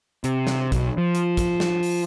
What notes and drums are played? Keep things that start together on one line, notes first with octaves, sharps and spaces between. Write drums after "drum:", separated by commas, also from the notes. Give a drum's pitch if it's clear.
C3, drum: hi-hat
drum: snare
B1, drum: kick, hi-hat
F3
drum: hi-hat
drum: kick, hi-hat
drum: snare
drum: open hi-hat